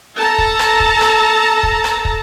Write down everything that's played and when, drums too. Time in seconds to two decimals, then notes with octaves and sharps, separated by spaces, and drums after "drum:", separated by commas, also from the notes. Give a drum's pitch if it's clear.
0.18 A4 A5 A#5
0.38 drum: kick
0.59 drum: rim click
0.80 drum: kick
1.01 drum: rim click
1.63 drum: kick
1.84 drum: rim click
2.05 drum: kick